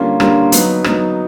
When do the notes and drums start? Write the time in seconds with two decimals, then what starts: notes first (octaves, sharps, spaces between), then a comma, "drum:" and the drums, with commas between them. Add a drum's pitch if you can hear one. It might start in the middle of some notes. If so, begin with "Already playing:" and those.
Already playing: D3 G3 A#3 C#4 F4
0.20 D3 G3 A#3 C#4 F4, drum: rim click
0.52 F#3 B3 D#4, drum: hi-hat
0.84 F#3 B3 D#4, drum: rim click